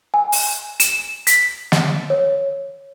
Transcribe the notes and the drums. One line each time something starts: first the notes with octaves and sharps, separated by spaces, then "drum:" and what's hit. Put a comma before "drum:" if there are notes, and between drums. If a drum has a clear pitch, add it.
G#5
drum: open hi-hat
E7, drum: hi-hat
B6, drum: hi-hat
drum: snare
C#5